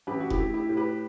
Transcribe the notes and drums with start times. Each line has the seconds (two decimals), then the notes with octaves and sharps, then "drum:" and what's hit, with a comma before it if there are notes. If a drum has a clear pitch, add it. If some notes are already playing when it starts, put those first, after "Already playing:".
0.07 A1 G4 B4
0.20 F#4
0.30 E4 G4, drum: kick F1
0.38 A3
0.54 E4 G4
0.69 A2
0.77 G4 B4